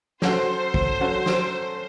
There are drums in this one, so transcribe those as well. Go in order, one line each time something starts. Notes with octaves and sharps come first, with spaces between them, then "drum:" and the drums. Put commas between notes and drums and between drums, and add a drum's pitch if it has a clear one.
F#3 C#4 F#4 A4 C5, drum: snare
drum: kick
F#3 C#4 F#4 A4
drum: snare